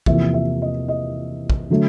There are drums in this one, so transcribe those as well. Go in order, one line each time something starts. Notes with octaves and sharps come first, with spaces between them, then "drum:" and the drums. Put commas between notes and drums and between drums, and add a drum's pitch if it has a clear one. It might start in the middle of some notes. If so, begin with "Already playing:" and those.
E2 C3 F3 A#3 E5, drum: kick
E5
D#5
D#5
drum: kick
D3 F#3 A3